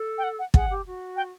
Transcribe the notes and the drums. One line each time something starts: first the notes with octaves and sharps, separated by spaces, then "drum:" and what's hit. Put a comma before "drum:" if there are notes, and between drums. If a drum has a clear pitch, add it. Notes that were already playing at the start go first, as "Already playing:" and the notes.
Already playing: A4
G5
F#5
F#5
G#4 F#5, drum: kick
G4
F#4
G5